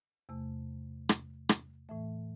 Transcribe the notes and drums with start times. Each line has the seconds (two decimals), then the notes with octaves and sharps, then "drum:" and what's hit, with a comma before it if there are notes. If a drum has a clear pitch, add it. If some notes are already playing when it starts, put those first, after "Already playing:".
0.29 E2 C3 A3
1.09 drum: rim click
1.49 drum: rim click
1.89 A2 E3 A3 E5